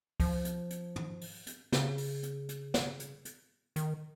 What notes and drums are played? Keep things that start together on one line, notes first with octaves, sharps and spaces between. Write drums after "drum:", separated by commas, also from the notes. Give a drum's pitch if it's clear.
F3, drum: kick C#2, open hi-hat
drum: hi-hat
drum: hi-hat
drum: tom
drum: open hi-hat
drum: hi-hat
C#3, drum: snare
drum: open hi-hat
drum: hi-hat
drum: hi-hat
drum: snare
drum: hi-hat
drum: hi-hat
D#3, drum: hi-hat